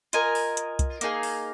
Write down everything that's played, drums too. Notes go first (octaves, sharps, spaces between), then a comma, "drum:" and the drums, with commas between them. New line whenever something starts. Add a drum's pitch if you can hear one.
F4 A#4 D#5 G#5, drum: hi-hat
drum: open hi-hat
drum: hi-hat
drum: kick, hi-hat
A#3 D#4 G#4 F5, drum: hi-hat
drum: open hi-hat